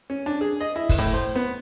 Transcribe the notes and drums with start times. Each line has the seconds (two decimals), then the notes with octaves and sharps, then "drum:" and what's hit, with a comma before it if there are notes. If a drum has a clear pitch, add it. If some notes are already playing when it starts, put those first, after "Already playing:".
0.10 C#4
0.26 D4
0.41 G#4
0.61 D#5
0.76 E4
0.89 drum: kick, open hi-hat
0.98 A2
1.13 C5
1.35 B3